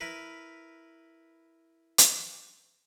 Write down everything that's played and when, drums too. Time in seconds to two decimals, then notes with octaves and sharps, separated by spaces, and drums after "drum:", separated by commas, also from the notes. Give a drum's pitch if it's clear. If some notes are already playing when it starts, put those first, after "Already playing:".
0.01 E4 A#4 B4
1.98 drum: hi-hat